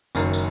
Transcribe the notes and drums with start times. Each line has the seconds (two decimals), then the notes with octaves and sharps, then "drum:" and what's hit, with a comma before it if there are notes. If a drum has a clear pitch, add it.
0.15 F#1 F#2 D#3, drum: tambourine
0.33 drum: tambourine